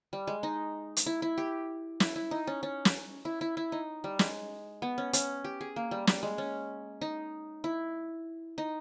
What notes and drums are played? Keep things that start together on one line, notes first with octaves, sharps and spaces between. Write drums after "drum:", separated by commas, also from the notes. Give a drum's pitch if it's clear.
G3
G#3
D#4
drum: hi-hat
E4
E4
G4
E4, drum: snare
E4
D#4
C#4
C#4
drum: snare
E4
E4
E4
D#4
G3
G#3, drum: snare
B3
C#4
C#4, drum: hi-hat
G4
G#4
A#3
G3
G3, drum: snare
G#3
C#4
D#4
E4
D#4